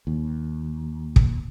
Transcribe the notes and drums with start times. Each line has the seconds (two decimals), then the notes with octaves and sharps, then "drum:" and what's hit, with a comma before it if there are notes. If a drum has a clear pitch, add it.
0.07 D#2
1.16 drum: kick